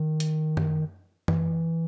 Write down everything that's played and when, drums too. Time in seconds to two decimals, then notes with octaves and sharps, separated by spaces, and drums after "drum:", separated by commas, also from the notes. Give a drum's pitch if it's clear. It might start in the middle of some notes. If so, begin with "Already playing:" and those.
Already playing: D#3
0.20 drum: hi-hat
0.57 drum: tom F#2
1.28 E3, drum: tom F#2